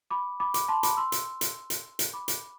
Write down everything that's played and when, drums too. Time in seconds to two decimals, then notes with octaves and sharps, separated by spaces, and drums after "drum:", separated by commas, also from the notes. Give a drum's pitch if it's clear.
0.11 B5 D6
0.40 B5 D6
0.54 B5 D6, drum: hi-hat
0.69 A5 C6
0.83 B5 D6, drum: hi-hat
0.97 C6 E6
1.12 drum: hi-hat
1.41 drum: hi-hat
1.70 drum: hi-hat
1.99 drum: hi-hat
2.13 B5 D6
2.28 drum: hi-hat